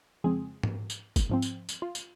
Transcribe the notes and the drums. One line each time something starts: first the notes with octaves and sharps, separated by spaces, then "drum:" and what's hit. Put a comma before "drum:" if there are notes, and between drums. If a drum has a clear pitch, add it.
F2 C#3 F3 G#3 C4 G#4
drum: tom G#2
drum: tambourine
drum: kick, tambourine
G#2 F3 C4
drum: tambourine
drum: tambourine
F4
drum: tambourine